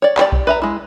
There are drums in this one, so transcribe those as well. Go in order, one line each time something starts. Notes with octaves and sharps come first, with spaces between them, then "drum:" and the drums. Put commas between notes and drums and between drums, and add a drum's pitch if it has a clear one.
C#5 D5
G4 D5, drum: clap
drum: kick B1
B4 E5 A#5
G#3 E4